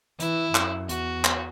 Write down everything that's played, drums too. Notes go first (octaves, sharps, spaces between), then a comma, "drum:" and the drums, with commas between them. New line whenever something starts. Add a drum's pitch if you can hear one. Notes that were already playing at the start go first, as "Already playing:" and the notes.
E3 E4, drum: hi-hat
F#2, drum: clap
E2 F#4, drum: hi-hat
drum: clap